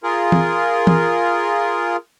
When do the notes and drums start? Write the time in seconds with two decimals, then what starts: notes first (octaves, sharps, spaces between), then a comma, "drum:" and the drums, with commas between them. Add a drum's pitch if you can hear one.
0.03 F4 G#4 A#4
0.32 drum: tom E3
0.87 drum: tom E3